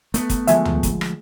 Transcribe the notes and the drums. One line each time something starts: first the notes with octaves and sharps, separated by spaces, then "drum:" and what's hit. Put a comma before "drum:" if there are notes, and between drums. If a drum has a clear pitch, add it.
A3 B3, drum: hi-hat
drum: kick, hi-hat
D2 F3 G#3 E5 G#5, drum: hi-hat
drum: tom
drum: kick, hi-hat
drum: rim click